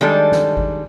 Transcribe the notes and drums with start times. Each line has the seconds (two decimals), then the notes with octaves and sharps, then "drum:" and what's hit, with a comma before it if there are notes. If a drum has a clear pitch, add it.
0.01 D#3 G3 G#3 D4 A4
0.32 drum: snare
0.57 drum: kick G#1